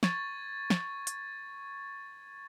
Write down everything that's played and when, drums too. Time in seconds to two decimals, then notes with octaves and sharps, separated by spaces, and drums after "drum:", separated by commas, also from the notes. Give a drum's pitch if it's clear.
0.03 C#6 G#6 A6, drum: snare
0.70 drum: snare
1.07 drum: hi-hat